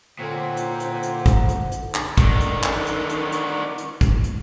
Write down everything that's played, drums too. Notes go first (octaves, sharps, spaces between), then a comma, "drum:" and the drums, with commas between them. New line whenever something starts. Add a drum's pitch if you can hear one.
A#2 D3 A#3 C4 C5 C#5 F#5
drum: hi-hat
drum: hi-hat
drum: hi-hat
drum: kick, hi-hat
drum: hi-hat
drum: hi-hat
drum: clap
D3 D#3, drum: kick, hi-hat
drum: hi-hat
drum: clap
drum: hi-hat
drum: hi-hat
drum: hi-hat
drum: hi-hat
drum: kick, hi-hat
drum: hi-hat